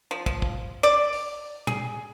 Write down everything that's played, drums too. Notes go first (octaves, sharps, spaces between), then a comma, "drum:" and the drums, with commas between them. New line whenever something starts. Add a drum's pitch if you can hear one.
F3
F3, drum: kick
drum: kick
D5
drum: open hi-hat
G#4, drum: tom